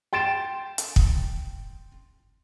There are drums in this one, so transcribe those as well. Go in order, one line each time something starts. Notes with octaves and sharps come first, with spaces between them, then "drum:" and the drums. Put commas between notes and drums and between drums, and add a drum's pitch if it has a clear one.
G5 C6 A6 D7 E7
drum: hi-hat
drum: kick